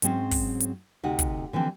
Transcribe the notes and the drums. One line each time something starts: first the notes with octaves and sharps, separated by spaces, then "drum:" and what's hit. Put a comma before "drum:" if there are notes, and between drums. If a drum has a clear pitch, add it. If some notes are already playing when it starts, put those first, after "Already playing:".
G#2 F#3 G#3 C4 C#4, drum: hi-hat
drum: kick, open hi-hat
drum: hi-hat
D2 C3 D#4 F#5
drum: kick, hi-hat
D3 E3 F3 C4